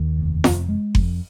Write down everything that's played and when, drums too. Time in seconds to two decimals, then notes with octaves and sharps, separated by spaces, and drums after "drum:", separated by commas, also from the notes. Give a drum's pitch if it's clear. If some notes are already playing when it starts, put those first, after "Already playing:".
Already playing: D#2
0.19 F1
0.44 F2, drum: snare F4
0.69 G#3
0.95 F2, drum: kick F#1